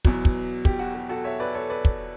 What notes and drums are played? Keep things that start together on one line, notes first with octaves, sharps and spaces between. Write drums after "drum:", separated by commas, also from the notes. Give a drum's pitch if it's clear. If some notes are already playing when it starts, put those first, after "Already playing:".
E2 B2 F#3, drum: kick
drum: kick
G4, drum: kick
F#4
G4
F#4 A4
C#5 E5
B4 D5
A4 C#5
B4 D5
drum: kick